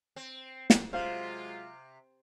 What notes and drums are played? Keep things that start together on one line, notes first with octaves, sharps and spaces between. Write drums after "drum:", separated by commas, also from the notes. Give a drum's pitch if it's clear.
C4
drum: snare
C3 F#3 G#3 F4 C5 F5